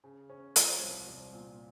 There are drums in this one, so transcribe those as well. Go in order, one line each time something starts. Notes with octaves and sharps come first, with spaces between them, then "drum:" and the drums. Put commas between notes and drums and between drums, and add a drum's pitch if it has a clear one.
C#3
C#4
F3, drum: hi-hat
C2
C2
A#2